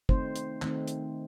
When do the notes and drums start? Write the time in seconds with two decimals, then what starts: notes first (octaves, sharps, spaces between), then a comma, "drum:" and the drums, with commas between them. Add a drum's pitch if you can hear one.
0.09 D#3 A3 C4 D#4 C5, drum: kick
0.36 drum: hi-hat
0.62 D#3 A3 C4 D#4, drum: clap
0.88 drum: hi-hat